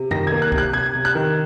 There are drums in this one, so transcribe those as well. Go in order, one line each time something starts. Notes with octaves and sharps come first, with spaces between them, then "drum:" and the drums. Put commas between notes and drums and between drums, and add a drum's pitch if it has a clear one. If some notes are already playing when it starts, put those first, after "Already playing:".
Already playing: C3
D#3 A#6, drum: tom F#2
G#6
A#3
F#6
C3, drum: kick
F#6
C3 G#6
C3
F#6
D#3